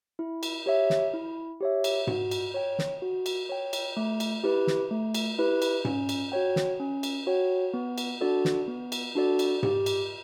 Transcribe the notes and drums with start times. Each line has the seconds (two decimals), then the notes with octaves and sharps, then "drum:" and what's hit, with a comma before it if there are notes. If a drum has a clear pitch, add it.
0.19 E4
0.43 drum: cymbal
0.66 G4 C#5 E5
0.90 drum: snare
1.13 E4
1.61 G4 C#5 E5
1.84 drum: cymbal
2.07 F#4, drum: tom G#2
2.31 drum: cymbal
2.54 C#5 G5
2.79 drum: snare
3.02 F#4
3.26 drum: cymbal
3.49 C#5 G5
3.73 drum: cymbal
3.97 A3
4.20 drum: cymbal
4.44 E4 G4 B4
4.67 drum: snare
4.91 A3
5.14 drum: cymbal
5.39 E4 G4 B4
5.62 drum: cymbal
5.85 C#4, drum: tom G#2
6.09 drum: cymbal
6.32 F#4 C#5 G5
6.56 drum: snare
6.80 C#4
7.03 drum: cymbal
7.27 F#4 C#5 G5
7.74 B3
7.98 drum: cymbal
8.21 D4 F#4 A4 D5
8.45 drum: snare
8.68 B3
8.92 drum: cymbal
9.15 D4 F#4 A4 D5
9.39 drum: cymbal
9.63 G4, drum: tom G#2
9.86 drum: cymbal